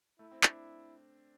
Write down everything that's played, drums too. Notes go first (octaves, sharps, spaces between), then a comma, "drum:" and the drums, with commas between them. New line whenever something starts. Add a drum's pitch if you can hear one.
A3 E4
C4
D4, drum: clap